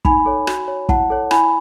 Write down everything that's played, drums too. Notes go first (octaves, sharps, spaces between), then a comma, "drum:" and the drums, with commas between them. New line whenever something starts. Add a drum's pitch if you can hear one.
D#4 G#5 B5, drum: kick
A4 C#5
F#4, drum: rim click
C#5
E4 F#5 A5, drum: kick
A4 C#5
E4 G#5 B5, drum: rim click